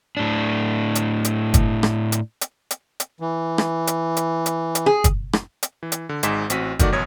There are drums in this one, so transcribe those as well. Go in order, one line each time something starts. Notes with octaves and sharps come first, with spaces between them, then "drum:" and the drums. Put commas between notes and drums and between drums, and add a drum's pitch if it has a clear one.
A2 D4
drum: hi-hat
drum: hi-hat
drum: kick, hi-hat
drum: rim click
drum: hi-hat
drum: hi-hat
drum: hi-hat
drum: hi-hat
E3
drum: rim click
drum: hi-hat
drum: hi-hat
drum: hi-hat
drum: hi-hat
G#4
drum: kick, hi-hat
drum: rim click
drum: hi-hat
E3
drum: hi-hat
D3
G#1 G#2 G#3 G#5 B6 E7, drum: hi-hat
A1 C4 F#4 B6 D#7, drum: hi-hat
D#3 A3 F#4 D5 D6, drum: kick, hi-hat
A1 F#2 B2 C#5 D#6 G#6